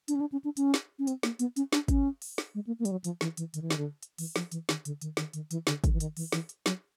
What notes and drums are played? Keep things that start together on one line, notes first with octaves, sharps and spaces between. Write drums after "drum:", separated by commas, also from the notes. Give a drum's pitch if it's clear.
D4, drum: hi-hat
C#4
D4
C#4
D4
C#4, drum: hi-hat
drum: snare
C#4
C4, drum: hi-hat
A#3, drum: snare
B3, drum: hi-hat
C#4, drum: hi-hat
D4, drum: snare
C#4, drum: kick, hi-hat
drum: open hi-hat
drum: snare
G#3
A#3
A#3
G3, drum: hi-hat
F#3
F3, drum: hi-hat
E3, drum: snare
E3, drum: hi-hat
D#3, drum: hi-hat
E3
D#3, drum: snare
D3
drum: hi-hat
E3, drum: open hi-hat
F3, drum: snare
E3, drum: hi-hat
D#3, drum: snare
D3, drum: hi-hat
D#3, drum: hi-hat
D#3, drum: snare
D#3, drum: hi-hat
E3, drum: hi-hat
D3, drum: snare
D3, drum: kick, hi-hat
E3
D#3, drum: hi-hat
E3, drum: open hi-hat
E3, drum: snare
drum: hi-hat
F#3, drum: snare